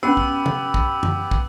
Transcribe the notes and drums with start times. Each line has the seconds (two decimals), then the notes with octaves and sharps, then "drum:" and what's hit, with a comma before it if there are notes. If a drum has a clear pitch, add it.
0.03 B3 C#4 F#4 G4 E6
0.17 drum: kick
0.46 drum: tom
0.74 drum: kick
1.03 drum: tom F#2
1.31 drum: kick